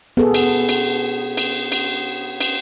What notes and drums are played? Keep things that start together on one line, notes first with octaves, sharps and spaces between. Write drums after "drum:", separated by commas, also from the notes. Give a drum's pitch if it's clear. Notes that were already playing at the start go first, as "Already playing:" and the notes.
B3 G#4 A4
drum: cymbal
drum: cymbal
drum: cymbal
drum: cymbal
drum: cymbal